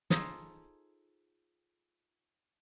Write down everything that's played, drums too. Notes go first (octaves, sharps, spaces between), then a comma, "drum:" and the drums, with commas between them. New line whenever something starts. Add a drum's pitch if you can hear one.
D#4 F4 G#4 A4 C5, drum: snare